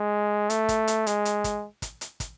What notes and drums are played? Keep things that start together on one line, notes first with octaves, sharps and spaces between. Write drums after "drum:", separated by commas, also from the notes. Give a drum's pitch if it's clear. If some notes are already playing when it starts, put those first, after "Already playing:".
Already playing: G#3
A3, drum: hi-hat
drum: kick, hi-hat
drum: hi-hat
G#3, drum: hi-hat
drum: hi-hat
drum: kick, hi-hat
drum: kick, hi-hat
drum: hi-hat
drum: kick, hi-hat